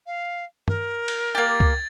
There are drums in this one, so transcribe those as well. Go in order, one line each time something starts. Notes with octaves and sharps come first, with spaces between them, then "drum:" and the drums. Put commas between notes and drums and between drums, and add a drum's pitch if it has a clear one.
F5
A#4, drum: tom
drum: cymbal
A#3 G4 G#6 A6
drum: kick C#2